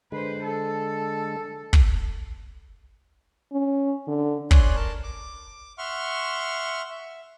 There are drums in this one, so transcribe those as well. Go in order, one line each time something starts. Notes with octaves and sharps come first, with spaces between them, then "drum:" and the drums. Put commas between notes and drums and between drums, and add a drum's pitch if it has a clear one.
D3 G#3 B4 C5
A4
drum: kick
C#4
D3
C#5 D5 G#5 C6 F#6, drum: kick
A#4 A5
D6
E5 F#5 C6 C#6 F6
E5